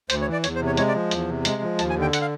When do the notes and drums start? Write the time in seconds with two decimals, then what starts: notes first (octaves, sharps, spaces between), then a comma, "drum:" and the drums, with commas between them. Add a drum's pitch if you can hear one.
0.10 D2 C5, drum: hi-hat
0.22 C#5
0.27 E3
0.33 D5
0.44 E2 C#5, drum: hi-hat
0.56 C5
0.60 C3
0.67 C#5
0.77 G#3 C#5, drum: hi-hat
0.88 D5
0.94 F3
1.11 E2, drum: hi-hat
1.29 C3
1.45 G#3, drum: hi-hat
1.62 F3
1.79 D#2 A5, drum: hi-hat
1.90 G#5
1.96 D3
2.02 G5
2.13 F#5, drum: hi-hat
2.21 F5